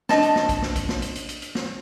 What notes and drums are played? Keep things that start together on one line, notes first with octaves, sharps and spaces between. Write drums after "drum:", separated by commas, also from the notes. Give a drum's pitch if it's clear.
D4 D#4 D#5 A5, drum: snare
drum: hi-hat
drum: snare
drum: kick A#1, hi-hat
drum: snare
drum: kick A#1, hi-hat
drum: snare
drum: hi-hat
drum: hi-hat
drum: hi-hat
drum: hi-hat
drum: snare